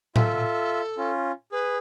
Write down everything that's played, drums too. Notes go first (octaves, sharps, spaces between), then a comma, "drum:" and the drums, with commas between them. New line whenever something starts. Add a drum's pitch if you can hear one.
F4 A4 E5, drum: tom A2
C#4 F4
G#4 B4